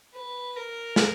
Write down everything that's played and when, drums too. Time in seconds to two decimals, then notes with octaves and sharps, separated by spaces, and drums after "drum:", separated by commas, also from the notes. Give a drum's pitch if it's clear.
0.15 B4
0.56 A#4
0.96 drum: snare